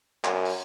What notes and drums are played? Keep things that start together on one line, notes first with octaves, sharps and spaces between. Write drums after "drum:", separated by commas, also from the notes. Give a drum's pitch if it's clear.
F#2, drum: clap
drum: open hi-hat